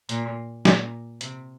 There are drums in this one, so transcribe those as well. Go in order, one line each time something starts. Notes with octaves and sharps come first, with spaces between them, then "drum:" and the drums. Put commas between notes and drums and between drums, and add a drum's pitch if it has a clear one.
A#2, drum: hi-hat
A#2, drum: snare
C3, drum: hi-hat